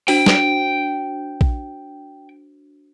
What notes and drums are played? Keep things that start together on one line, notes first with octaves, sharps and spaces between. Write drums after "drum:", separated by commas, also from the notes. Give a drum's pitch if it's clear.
D4 F#4 C5 G5, drum: open hi-hat
drum: snare
drum: kick A#1